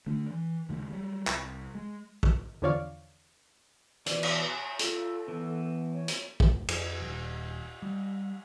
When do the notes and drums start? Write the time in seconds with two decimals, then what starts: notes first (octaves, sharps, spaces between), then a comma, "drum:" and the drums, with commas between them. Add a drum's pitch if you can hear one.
0.06 D3 A3 D4
0.30 E3
0.69 D#2 C#3 G#3 A#3
0.92 F#3 G3
1.27 C2, drum: clap
1.75 G#3
2.23 drum: kick
2.62 E2 D3 F3 C#5 D5 F5
4.06 B2 E3 B4 D5, drum: hi-hat
4.23 drum: cymbal
4.50 G#5 F#6
4.79 F4 A4, drum: hi-hat
5.28 E3 B3
5.94 C#5
6.08 drum: hi-hat
6.40 F1, drum: kick
6.69 F2, drum: cymbal
7.00 D#1
7.82 G3